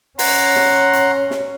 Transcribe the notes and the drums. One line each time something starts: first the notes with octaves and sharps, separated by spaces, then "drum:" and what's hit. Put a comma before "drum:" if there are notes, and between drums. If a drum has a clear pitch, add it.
C#4 F#5 A#5 C6, drum: open hi-hat
drum: snare
drum: hi-hat
drum: snare